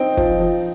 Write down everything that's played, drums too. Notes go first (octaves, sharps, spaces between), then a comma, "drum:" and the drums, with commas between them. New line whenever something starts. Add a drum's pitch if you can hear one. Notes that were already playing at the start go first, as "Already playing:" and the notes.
Already playing: C4 D#4 G5
F3, drum: kick
F3